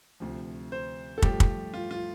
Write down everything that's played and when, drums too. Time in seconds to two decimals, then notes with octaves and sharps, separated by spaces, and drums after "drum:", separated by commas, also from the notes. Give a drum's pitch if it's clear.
0.20 D2 C3 F3
0.72 C5
1.18 A4
1.22 G2 F3 A3 G4, drum: kick
1.40 drum: kick
1.74 F4
1.91 F4